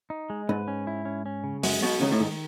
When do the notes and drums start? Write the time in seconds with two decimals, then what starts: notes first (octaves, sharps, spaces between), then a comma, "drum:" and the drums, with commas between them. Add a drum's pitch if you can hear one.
0.10 D#4
0.30 G#3
0.49 G#2 B4
0.68 C#4
0.87 E4
1.05 C#4
1.26 C#4
1.44 C#3
1.63 F#2 G#3, drum: open hi-hat
1.82 B1 B2 F#4
2.01 C#2 C#3 D#4
2.12 A2
2.20 G#2 D#3